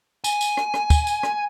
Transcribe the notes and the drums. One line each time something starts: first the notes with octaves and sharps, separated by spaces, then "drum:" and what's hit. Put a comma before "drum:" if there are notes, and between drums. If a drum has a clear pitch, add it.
G#5, drum: tambourine
drum: tambourine
drum: rim click
drum: rim click
drum: kick, tambourine
drum: tambourine
drum: rim click